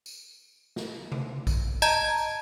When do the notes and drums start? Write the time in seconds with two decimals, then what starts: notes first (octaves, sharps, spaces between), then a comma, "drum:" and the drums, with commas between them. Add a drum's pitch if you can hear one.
0.06 drum: tambourine
0.76 drum: snare
1.12 drum: tom C3
1.47 drum: kick A#1, tambourine
1.82 D#5 A5 A#5 G6 G#6
2.17 drum: tambourine